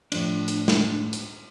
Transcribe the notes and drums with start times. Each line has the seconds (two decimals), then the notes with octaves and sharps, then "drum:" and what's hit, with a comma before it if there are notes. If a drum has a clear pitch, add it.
0.12 A2 F3 A3 D4, drum: cymbal
0.48 drum: hi-hat
0.68 drum: snare
1.13 drum: hi-hat